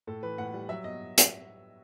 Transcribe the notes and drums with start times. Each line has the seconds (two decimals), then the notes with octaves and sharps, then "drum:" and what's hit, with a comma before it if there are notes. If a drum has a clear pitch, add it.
0.07 A2 A4
0.23 E3 B4
0.38 A2 F#5
0.54 G3
0.69 F#3 E5
0.84 B2 D#5
1.18 drum: hi-hat